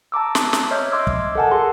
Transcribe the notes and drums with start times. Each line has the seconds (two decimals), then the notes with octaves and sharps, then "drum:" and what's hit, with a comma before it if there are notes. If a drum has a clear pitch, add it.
0.12 A5 A#5 D6 E6
0.35 drum: snare
0.53 drum: snare
0.71 C#5 D#5 E5 F6 G6
0.91 D#5 C6 D6 E6 G#6
1.07 drum: kick
1.35 A4 A#4 F#5 G#5 A5
1.51 G#4 A5 C6